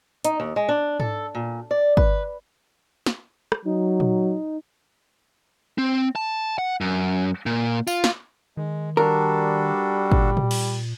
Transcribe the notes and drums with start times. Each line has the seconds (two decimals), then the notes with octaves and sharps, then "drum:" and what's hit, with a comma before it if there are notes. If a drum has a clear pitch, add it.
0.25 D#4, drum: hi-hat
0.40 D#2
0.56 G#3
0.69 D4
1.00 A4, drum: tom G#2
1.35 A#2
1.71 D5
1.97 B4, drum: kick
3.06 drum: snare
3.52 drum: rim click
3.65 F#3 D#4
4.00 drum: tom A#2
5.78 C4
6.16 A5
6.58 F#5
6.81 F#2
7.46 A#2
7.87 F4, drum: tambourine
8.04 drum: snare
8.57 D#3 G#3
8.97 G3 D4 F#4 A4 A#4
10.11 A#2, drum: kick
10.37 drum: tom A#2
10.51 drum: cymbal